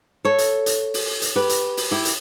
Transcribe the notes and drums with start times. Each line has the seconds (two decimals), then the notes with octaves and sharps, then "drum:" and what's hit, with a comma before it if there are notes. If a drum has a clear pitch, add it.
0.25 A4 C#5
0.38 drum: hi-hat
0.66 drum: hi-hat
0.94 drum: open hi-hat
1.22 drum: hi-hat
1.36 G4 B4
1.49 drum: hi-hat
1.77 drum: open hi-hat
1.91 E4 G4
2.05 drum: hi-hat